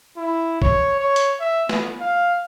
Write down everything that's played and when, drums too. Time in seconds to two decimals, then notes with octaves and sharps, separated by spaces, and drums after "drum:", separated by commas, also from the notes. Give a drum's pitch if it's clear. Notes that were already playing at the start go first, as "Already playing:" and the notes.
0.17 E4
0.62 C#5, drum: kick
1.00 C#5
1.16 drum: hi-hat
1.40 E5
1.69 B3, drum: snare
2.00 F5